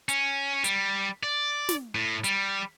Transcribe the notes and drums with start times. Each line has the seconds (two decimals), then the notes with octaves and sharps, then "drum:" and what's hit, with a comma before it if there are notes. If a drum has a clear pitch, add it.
0.09 C#4, drum: hi-hat
0.64 G3, drum: hi-hat
1.23 D5
1.69 drum: snare
1.95 A2
2.24 G3, drum: hi-hat